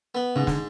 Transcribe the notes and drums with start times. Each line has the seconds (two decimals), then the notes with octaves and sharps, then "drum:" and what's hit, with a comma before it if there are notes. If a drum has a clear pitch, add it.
0.15 B3
0.36 G#2 C#3
0.47 D3, drum: snare